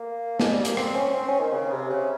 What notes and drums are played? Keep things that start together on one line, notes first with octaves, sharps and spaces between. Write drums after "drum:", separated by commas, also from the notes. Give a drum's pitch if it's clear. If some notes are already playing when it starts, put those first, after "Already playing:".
Already playing: A#3
G#3, drum: snare
G3
A#3, drum: hi-hat
C4, drum: rim click
C#4
C4
C#4
D#3
C#3
C3
C#3